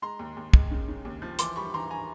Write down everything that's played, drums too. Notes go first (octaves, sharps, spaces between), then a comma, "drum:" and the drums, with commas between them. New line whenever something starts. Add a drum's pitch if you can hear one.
G#3 A#5 C6
D#2
D#2
G#3, drum: kick
C#3
C#3
D#2
F3
E3 C6 D6, drum: hi-hat
G3 B5 C#6
E3 A#5 C6
G#5 A#5